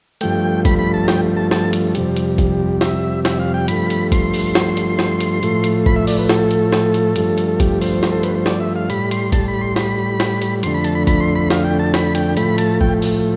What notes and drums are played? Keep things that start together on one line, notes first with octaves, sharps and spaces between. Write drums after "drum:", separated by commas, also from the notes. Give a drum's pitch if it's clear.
G2 F3 A3 G5, drum: hi-hat
B5, drum: kick, hi-hat
B5
A5
G5, drum: snare
A5
A5, drum: snare
drum: hi-hat
F2 C3 G3, drum: hi-hat
drum: hi-hat
drum: kick, hi-hat
E5, drum: snare
E5, drum: snare
F5
G5
G2 F3 A3 B5, drum: hi-hat
drum: hi-hat
C6, drum: kick, hi-hat
drum: open hi-hat
drum: snare
drum: hi-hat
drum: snare
drum: hi-hat
A2 F3 A3, drum: hi-hat
drum: hi-hat
B5, drum: kick
E5
D5, drum: open hi-hat
B4
A4, drum: snare
drum: hi-hat
drum: snare
drum: hi-hat
G2 F3 A3, drum: hi-hat
drum: hi-hat
A4
G4, drum: kick, hi-hat
C5, drum: open hi-hat
drum: snare
A4
B4, drum: hi-hat
C5
D5, drum: snare
E5
F5
A2 G3 B5, drum: hi-hat
C6, drum: hi-hat
A5, drum: kick, hi-hat
B5
C6
B5, drum: snare
drum: snare
drum: hi-hat
F2 D3 A3 C6, drum: hi-hat
B5
A5, drum: hi-hat
B5
B5, drum: kick, hi-hat
C6
B5
F5, drum: snare
G5
A5
B5, drum: snare
G5, drum: hi-hat
A2 F3 A3 B5, drum: hi-hat
A5, drum: hi-hat
G5, drum: kick
drum: open hi-hat